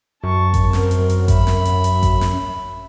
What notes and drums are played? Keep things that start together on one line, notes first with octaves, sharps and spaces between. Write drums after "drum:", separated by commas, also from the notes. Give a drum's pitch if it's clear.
F#2 A5 C#6
drum: kick G#1, hi-hat
C4 A#4, drum: snare
drum: hi-hat
drum: hi-hat
E5 B5, drum: kick G#1, hi-hat
drum: snare
drum: hi-hat
drum: hi-hat
drum: kick G#1, hi-hat
drum: snare